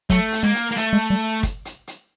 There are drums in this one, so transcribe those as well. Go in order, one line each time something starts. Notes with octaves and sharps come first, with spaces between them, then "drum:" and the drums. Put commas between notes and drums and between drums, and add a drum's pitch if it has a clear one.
F#3 A3, drum: kick, hi-hat
drum: hi-hat
G#3 A#3
drum: hi-hat
A#3
A3, drum: hi-hat
G#3
G3
drum: kick, hi-hat
drum: hi-hat
drum: hi-hat